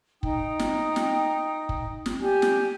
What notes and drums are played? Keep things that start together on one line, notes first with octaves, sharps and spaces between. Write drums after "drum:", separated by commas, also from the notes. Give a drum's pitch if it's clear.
D#4 G5 D#6, drum: kick
drum: snare
drum: snare
drum: kick
drum: snare
G4 D5 G#5
drum: snare